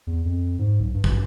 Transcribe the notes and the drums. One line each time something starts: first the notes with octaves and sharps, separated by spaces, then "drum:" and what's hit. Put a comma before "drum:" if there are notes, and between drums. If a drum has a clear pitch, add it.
E2
F2
G#2
B1
G2
drum: kick